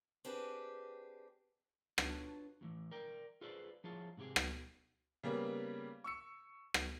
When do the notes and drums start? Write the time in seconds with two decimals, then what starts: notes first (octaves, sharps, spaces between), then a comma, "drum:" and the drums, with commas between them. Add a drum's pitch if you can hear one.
0.25 C4 D4 G4 G#4 B4
1.98 D4 F4 F#4 A4 B4 C#5, drum: rim click
2.61 E2 A2 E3
2.91 A#4 D5 G5
3.41 F4 G#4 A4 B4 C5 D5
3.84 F3 E4 F4 G#4 C#5 A5
4.17 G#2 C3 E4 G4 G#4
4.36 drum: rim click
5.23 C#3 G3 A#3 B3
6.04 C#6 E6 C#7
6.74 drum: rim click